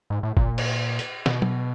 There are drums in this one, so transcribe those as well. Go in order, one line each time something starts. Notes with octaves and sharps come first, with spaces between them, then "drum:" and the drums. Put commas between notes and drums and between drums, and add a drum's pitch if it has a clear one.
G#2
A2
A#2, drum: kick
drum: cymbal
drum: hi-hat
B2, drum: snare
drum: tom